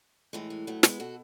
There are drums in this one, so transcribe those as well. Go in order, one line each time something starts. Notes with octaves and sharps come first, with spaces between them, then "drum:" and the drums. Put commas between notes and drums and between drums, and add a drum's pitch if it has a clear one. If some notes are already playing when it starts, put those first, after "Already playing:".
A2 E3 G#3
G#3
F#3 A3
G#3 B3, drum: snare
B2 F#4 A4